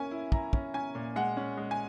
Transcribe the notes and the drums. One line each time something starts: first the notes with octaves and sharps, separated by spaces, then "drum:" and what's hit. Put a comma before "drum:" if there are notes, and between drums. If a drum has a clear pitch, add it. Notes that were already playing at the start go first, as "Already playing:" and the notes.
Already playing: A#3 C#4 E4 G#5
E4
E4 A#5, drum: kick
C#4, drum: kick
C#4 G#5
A#2
G#3 F#5
C#4
G#3
G#5